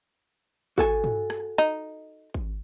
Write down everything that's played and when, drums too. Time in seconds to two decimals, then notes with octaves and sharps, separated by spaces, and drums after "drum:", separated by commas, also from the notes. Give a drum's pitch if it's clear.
0.78 F#4 A4 G#5, drum: kick G#1
1.04 drum: tom
1.30 drum: rim click
1.58 D#4
2.34 drum: kick G#1